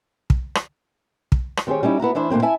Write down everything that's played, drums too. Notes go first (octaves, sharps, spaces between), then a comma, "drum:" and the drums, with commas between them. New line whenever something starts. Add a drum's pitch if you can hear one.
drum: kick
drum: rim click
drum: kick
drum: rim click
D#3 C4 G4 G#4 C#5
G3 C#4 D#4 E4
B3 E4 F#4 A#5
E3 D4 E4 C5
A#2 D3 A#3 C4 C#4
E4 E5 G#5 A5